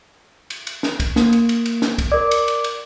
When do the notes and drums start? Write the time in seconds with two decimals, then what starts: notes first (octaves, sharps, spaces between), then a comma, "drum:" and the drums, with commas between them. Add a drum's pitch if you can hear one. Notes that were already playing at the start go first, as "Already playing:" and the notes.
0.50 drum: cymbal
0.67 drum: cymbal
0.83 drum: snare
1.00 drum: kick, cymbal
1.16 A#3, drum: snare
1.33 drum: cymbal
1.49 drum: cymbal
1.66 drum: cymbal
1.82 drum: snare
1.98 drum: kick, cymbal
2.12 A#4 D5 D6
2.31 drum: cymbal
2.48 drum: cymbal
2.64 drum: cymbal